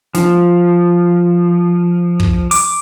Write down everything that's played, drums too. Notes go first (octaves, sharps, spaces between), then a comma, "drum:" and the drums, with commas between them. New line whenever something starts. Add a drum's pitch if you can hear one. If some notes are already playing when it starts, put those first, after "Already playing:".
F3, drum: snare
drum: kick
D6, drum: open hi-hat